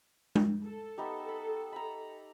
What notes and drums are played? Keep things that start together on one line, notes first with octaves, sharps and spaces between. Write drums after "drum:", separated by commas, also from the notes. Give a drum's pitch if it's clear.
drum: tom G#3
A4
B3 D#4 G4
B5
A#5 B5